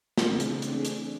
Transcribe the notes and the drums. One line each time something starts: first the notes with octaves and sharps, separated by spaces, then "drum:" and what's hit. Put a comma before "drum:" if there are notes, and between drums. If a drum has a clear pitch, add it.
C#3 E3 A3 C4 D4 G#4, drum: snare
drum: hi-hat
drum: hi-hat
drum: hi-hat